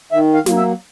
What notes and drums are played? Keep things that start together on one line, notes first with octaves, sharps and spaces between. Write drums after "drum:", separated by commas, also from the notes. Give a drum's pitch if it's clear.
D#3 E5
F5
F#3 A#3, drum: snare
E5